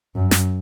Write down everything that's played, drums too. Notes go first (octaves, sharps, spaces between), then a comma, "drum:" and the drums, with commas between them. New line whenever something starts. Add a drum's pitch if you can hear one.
F#2
drum: snare